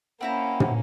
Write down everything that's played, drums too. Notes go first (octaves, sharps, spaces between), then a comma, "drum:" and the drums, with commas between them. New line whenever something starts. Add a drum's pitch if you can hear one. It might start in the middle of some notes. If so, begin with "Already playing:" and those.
A#3 C4 C#4 E4 F#5 A#5
drum: tom